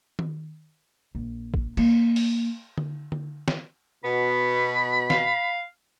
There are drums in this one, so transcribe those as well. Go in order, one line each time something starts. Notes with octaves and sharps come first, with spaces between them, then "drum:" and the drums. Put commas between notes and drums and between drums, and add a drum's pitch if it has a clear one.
drum: tom D#3
A#1
drum: kick
A#3, drum: cymbal
drum: open hi-hat
drum: tom D3
drum: tom D3
drum: snare
B2 B3 B5
F5, drum: snare